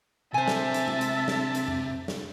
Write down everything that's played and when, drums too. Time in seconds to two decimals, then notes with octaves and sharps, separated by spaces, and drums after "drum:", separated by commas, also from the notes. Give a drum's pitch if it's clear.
0.34 C3 C5 E5 G#5 A5
0.48 drum: snare
0.74 drum: hi-hat
0.88 drum: tom G#3
1.01 drum: hi-hat
1.28 drum: snare
1.55 drum: hi-hat
1.68 drum: tom F2
2.08 drum: snare